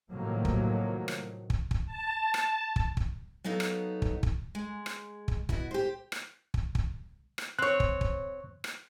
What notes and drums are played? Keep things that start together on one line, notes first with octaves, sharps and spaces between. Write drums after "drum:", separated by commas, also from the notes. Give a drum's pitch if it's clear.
A2 C3 D#3 F3 F#3 A#3
drum: kick
drum: rim click
drum: kick
drum: kick
A5
drum: rim click
drum: kick
drum: kick
F#3 B3 D#4 A4 F5
drum: rim click
drum: kick
drum: kick
G#3
drum: rim click
drum: kick
B2 E4 F#4, drum: kick
G4 C5
drum: rim click
drum: kick
drum: kick
drum: rim click
C4 C#5 F#6
drum: kick
drum: kick
drum: rim click